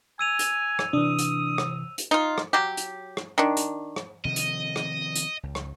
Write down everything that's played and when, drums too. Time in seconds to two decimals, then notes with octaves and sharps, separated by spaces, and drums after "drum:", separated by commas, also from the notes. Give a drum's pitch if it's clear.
0.19 G#5 E6 D#7 F7
0.39 drum: hi-hat
0.79 drum: rim click
0.93 C3 E3 D4 D#6
1.19 drum: hi-hat
1.58 drum: rim click
1.98 drum: hi-hat
2.11 D#4 F4
2.38 drum: rim click
2.53 F#3 G4
2.77 drum: hi-hat
3.17 drum: rim click
3.38 D#3 D4
3.57 drum: hi-hat
3.96 drum: rim click
4.25 C3 D#3 F3 D#5
4.36 drum: hi-hat
4.76 drum: rim click
5.16 drum: hi-hat
5.43 C#2
5.55 drum: rim click